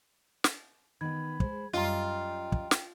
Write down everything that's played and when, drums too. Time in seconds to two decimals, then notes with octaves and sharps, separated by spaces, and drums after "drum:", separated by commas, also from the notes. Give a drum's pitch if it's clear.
0.44 drum: snare
1.01 D#3 B3 B5 G#6
1.40 G#3 C5, drum: kick
1.73 F#2 G3 F4 D5 D#5 G5 A#5
2.52 drum: kick
2.71 drum: snare